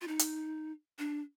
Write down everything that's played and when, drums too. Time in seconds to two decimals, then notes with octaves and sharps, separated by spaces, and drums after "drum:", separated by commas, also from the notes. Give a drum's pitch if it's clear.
0.01 F4
0.08 D#4
0.19 drum: hi-hat
0.99 D4